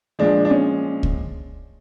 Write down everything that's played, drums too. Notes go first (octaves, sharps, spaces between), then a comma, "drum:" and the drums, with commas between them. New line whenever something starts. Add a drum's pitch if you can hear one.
A#2 F3 G#3 D4
D4
C#4
drum: kick C#2